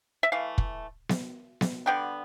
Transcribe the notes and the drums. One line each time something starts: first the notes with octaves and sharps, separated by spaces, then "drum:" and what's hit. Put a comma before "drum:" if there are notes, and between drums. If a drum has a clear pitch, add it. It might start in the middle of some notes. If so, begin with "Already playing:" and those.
E5
E3 A3 F5
drum: kick
drum: snare B3
drum: snare B3
D3 G3 B3 G5